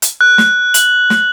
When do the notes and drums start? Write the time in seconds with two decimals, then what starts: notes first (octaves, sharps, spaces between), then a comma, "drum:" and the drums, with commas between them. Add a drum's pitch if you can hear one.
0.02 drum: hi-hat
0.21 F#6
0.38 drum: snare
0.74 F#7, drum: hi-hat
1.10 drum: snare